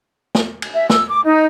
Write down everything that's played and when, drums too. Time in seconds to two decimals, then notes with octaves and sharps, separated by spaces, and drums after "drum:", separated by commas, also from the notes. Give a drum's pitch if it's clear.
0.35 drum: snare
0.62 drum: cymbal
0.75 E5
0.90 E6, drum: snare
1.09 D6
1.25 D#4